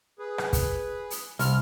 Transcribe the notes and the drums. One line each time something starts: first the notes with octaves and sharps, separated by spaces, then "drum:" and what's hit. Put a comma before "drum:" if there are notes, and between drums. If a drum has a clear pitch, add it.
G#4 B4
drum: rim click
drum: kick, hi-hat
drum: hi-hat
C2 F6, drum: hi-hat